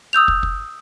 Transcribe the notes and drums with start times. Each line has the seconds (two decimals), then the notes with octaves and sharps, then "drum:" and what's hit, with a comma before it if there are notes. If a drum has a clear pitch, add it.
0.13 D#6 E6 G6 F7
0.28 drum: kick
0.43 drum: kick